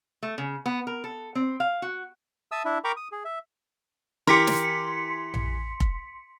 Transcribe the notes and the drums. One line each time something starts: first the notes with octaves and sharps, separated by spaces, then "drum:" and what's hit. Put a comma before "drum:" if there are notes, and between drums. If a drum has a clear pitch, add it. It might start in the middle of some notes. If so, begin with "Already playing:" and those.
A3
C#3
B3
A#4
A4
C4
F5
F#4
E5 A5 D#6 E6
D4 E4 E5
A#4 G5 A#5 B5 C#6 D6
D#6
G#4
E5
E3 G4 A#4 C6 D6 B6 C#7
drum: snare
drum: tom A#1
drum: kick F1